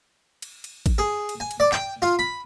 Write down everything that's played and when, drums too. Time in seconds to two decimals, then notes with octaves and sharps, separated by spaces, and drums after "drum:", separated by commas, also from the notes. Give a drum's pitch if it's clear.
0.42 drum: cymbal
0.64 drum: cymbal
0.86 drum: kick A1, cymbal
0.98 G#4
1.29 drum: cymbal
1.40 G#5
1.51 drum: cymbal
1.60 D5
1.72 G5, drum: clap
2.02 F4
2.19 B5